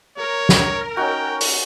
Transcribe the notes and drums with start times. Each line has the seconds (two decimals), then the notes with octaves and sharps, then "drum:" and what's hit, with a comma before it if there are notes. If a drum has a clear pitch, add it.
0.18 A#4 C#5
0.49 drum: snare
0.97 C#4 D#4 F#4 G5
1.41 drum: open hi-hat